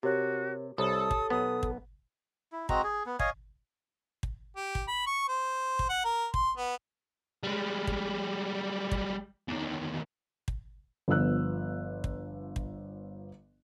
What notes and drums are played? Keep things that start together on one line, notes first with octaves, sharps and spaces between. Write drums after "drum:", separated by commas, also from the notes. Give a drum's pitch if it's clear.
C3 F#4 G4 A#4 C#5
C2 G4 A4 C#5 D#6
drum: kick
B1 B3 D#6
drum: kick
E4
G#3 C4 F#4 A#5, drum: kick
G#4
B3
C#5 D#5 F5 G#5, drum: kick
drum: kick
G4
drum: kick
B5
C#6
C5
drum: kick
F#5
A#4
C6, drum: kick
B3
G3 G#3
drum: kick
drum: kick
E2 D#3
drum: kick
G1 F3 B3 E6 F#6
drum: kick
drum: kick